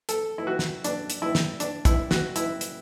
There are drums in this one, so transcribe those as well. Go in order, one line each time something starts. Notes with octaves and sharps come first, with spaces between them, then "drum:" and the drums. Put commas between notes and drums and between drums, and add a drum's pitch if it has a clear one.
A4, drum: hi-hat
E4
F#4
drum: snare
D4, drum: hi-hat
drum: hi-hat
E4
drum: snare
D4, drum: hi-hat
E4, drum: kick, hi-hat
F#4, drum: snare
E4, drum: hi-hat
drum: hi-hat